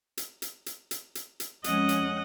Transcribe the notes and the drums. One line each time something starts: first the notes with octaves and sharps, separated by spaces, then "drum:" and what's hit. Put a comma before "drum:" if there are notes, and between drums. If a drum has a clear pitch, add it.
drum: hi-hat
drum: hi-hat
drum: hi-hat
drum: hi-hat
drum: hi-hat
drum: hi-hat
F2 G#3 C#4 D#5 F#5, drum: hi-hat
drum: hi-hat